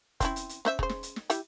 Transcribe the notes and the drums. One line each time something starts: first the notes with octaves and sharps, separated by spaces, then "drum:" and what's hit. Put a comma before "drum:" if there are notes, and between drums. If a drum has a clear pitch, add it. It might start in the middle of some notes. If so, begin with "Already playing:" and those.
C4 C#4 E4, drum: kick F1, hi-hat
drum: hi-hat
drum: hi-hat
C#4 C5 E5, drum: snare
C#3 C5, drum: kick F1
drum: snare
drum: hi-hat
drum: snare
G3 E4 E5, drum: hi-hat